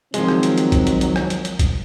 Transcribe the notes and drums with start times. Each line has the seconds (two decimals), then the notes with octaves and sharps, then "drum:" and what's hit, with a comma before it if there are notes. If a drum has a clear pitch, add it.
0.14 D#3 F3 F#3 G#3 C4, drum: hi-hat
0.28 drum: rim click
0.43 drum: hi-hat
0.58 drum: hi-hat
0.72 drum: kick, hi-hat
0.87 drum: hi-hat
1.01 drum: hi-hat
1.16 drum: rim click
1.30 drum: hi-hat
1.45 drum: hi-hat
1.59 drum: kick, hi-hat